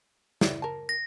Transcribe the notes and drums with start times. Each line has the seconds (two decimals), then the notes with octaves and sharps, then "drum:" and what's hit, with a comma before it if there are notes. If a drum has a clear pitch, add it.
0.41 E4 D5, drum: snare
0.62 A#4 A5
0.89 A#6